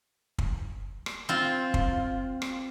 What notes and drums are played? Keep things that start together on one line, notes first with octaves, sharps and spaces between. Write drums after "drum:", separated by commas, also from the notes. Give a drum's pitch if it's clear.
drum: kick
drum: rim click
C4 F4
drum: kick
drum: rim click